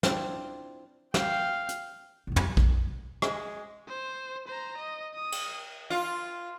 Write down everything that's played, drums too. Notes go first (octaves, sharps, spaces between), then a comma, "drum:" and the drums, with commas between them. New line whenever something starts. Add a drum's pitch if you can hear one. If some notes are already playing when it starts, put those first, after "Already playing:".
C4 D4 E4 F4, drum: snare
F5 G5, drum: snare
drum: hi-hat
B1 F2
drum: tom
drum: kick A#1
G#3, drum: rim click
C5
C5 A#5
D#5
D#6
drum: cymbal
F4